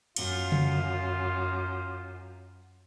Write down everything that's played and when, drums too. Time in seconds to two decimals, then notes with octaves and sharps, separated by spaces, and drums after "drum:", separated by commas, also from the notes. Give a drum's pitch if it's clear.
0.16 F#2 F4, drum: cymbal
0.52 drum: tom C#3